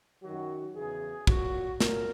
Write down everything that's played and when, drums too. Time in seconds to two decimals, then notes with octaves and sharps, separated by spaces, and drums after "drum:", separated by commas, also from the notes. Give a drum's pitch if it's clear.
0.23 F#2 D#3 F#3 F#4
0.75 E2 C#3 E3 G#4
1.27 A#2 F#3 F#4, drum: kick
1.80 A#2 F#3 A#4, drum: snare